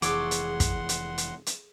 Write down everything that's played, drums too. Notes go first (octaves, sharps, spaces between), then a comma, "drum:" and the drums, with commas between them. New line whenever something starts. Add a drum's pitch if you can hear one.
F1 E3 G#4 A4 C#5 F#5 C6 D6, drum: hi-hat
drum: hi-hat
drum: kick, hi-hat
drum: hi-hat
drum: hi-hat
drum: hi-hat